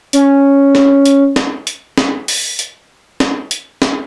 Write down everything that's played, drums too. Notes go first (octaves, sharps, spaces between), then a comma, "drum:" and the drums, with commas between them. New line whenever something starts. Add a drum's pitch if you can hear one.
C#4, drum: hi-hat
drum: snare C#4
drum: hi-hat
drum: snare C#4
drum: hi-hat
drum: snare C#4
drum: open hi-hat
drum: hi-hat
drum: snare C#4
drum: hi-hat
drum: snare C#4